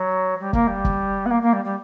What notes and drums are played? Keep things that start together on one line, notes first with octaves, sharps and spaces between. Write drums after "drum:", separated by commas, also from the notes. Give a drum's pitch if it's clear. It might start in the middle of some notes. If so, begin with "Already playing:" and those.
Already playing: F#3
G3
A#3, drum: kick
G3
drum: kick
B3
A#3
A#3
G3
G3